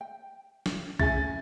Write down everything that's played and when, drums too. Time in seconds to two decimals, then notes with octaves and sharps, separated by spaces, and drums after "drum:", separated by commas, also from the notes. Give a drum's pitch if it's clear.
0.01 G5
0.66 drum: snare
0.99 D2 C#4 E4 G#4 E5 G#5 A6, drum: kick